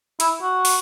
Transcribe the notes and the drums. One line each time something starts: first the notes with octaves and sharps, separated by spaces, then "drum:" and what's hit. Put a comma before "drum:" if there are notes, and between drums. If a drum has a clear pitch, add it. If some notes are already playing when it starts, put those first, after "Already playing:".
E4, drum: hi-hat
F#4
drum: open hi-hat